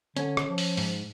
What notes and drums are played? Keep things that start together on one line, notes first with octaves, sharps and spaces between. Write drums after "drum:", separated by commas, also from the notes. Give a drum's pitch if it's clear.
D3 C#4, drum: hi-hat
drum: rim click
F3
drum: open hi-hat
G#2, drum: open hi-hat